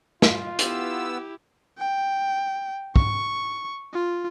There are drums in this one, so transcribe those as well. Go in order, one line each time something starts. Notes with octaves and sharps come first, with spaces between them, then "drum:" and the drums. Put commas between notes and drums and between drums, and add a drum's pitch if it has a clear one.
F4, drum: snare
B3 E4 G4 E6, drum: hi-hat
G5
C#6, drum: kick
F4